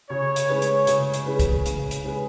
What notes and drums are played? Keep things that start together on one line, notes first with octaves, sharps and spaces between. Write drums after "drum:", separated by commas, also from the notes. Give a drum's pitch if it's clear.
C#3 C#5
drum: hi-hat
G#3 C#4 G#4 B4
drum: hi-hat
C#3, drum: hi-hat
drum: hi-hat
G#3 C#4 G#4 B4
drum: kick, hi-hat
C#3, drum: hi-hat
drum: hi-hat
G#3 C#4 G#4 B4